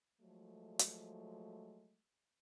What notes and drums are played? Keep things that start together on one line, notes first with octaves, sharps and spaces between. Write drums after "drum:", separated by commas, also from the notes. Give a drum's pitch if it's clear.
F3 F#3 G#3 A3
drum: hi-hat